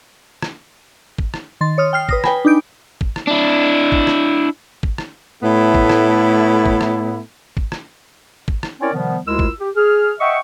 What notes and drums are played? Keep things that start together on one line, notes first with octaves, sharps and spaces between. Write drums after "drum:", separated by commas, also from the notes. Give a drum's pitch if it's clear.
drum: rim click
drum: kick
drum: rim click
D#3 C6 A6
C#5 D#6 F6
G5 F6 C7
B4 D#6 A#6, drum: kick
B4 G5 G#5 B5, drum: rim click
D4 D#4 G6 D7
drum: kick
drum: rim click
D4 E4
drum: kick
drum: rim click
drum: kick
drum: rim click
A2 A3 B3 E4
drum: kick
drum: rim click
drum: kick
drum: rim click
drum: kick
drum: rim click
drum: kick
drum: rim click
C4 C#4 E4 A#4 C#5 D5
C3 D#3 F3 G3 B3
D2 G#3 E4 F4 A#4 E6
drum: kick
G4
G#4 F6
D#5 E5 F#5 G5 C#6